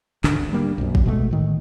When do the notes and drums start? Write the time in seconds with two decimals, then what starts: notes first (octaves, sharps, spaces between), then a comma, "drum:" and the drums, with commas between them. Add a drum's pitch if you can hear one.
0.24 G#1 D2 D3 D4, drum: clap
0.53 G3 A#3 D4
0.78 B1 F#2
0.95 drum: kick
1.06 B2 G#3 A3
1.31 A2 D#3